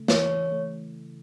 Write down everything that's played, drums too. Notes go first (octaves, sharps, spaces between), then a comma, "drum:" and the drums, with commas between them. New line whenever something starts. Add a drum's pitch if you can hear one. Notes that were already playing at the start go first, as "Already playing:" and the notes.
Already playing: C#3 A3
E3 C#5, drum: snare
A3